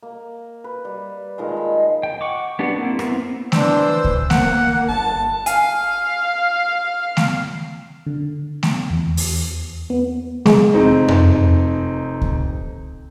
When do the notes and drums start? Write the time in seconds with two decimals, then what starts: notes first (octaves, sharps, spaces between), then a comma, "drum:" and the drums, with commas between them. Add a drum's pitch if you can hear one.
0.03 A#3
0.64 B4
0.85 G3
1.38 A#2 D#3 F3 G#3
1.57 B5
2.03 G5
2.21 F#5 C#6 D6
2.59 B3 D4 G4 D5 F#5
2.76 A#3 C4 E4
2.99 B3 C4 E4, drum: rim click
3.52 E3 D4 C5 E6, drum: snare A3
4.04 drum: kick C#2
4.30 A#3 F#5, drum: snare A3
4.89 G1 A5
5.46 F5 G#5, drum: hi-hat
7.17 drum: snare A3
8.06 D3
8.63 drum: snare A3
8.90 E2
9.17 drum: open hi-hat
9.90 B3
10.46 G#3, drum: snare A3
10.74 F1 C4 D#4
11.08 drum: tom F2
12.21 drum: kick C#2